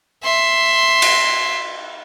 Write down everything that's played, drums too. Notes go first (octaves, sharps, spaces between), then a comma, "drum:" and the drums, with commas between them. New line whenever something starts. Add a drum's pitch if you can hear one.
E5 C6
drum: cymbal